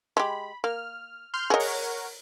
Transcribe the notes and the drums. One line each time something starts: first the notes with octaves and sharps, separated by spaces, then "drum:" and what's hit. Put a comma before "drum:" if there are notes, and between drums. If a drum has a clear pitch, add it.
G#3 G4 B5
A#3 F6
C6 F6 G6
G#4 A#4 C#5 D#5 F#5
drum: open hi-hat